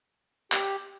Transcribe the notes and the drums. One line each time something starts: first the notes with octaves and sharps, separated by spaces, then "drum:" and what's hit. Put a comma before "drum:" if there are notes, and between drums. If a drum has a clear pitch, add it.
G4, drum: clap